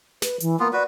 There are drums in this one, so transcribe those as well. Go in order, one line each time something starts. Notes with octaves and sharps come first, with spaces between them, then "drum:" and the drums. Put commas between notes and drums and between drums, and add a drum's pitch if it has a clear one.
B4, drum: snare
E3, drum: hi-hat
A#3 B3 F4
F#4 B4 D5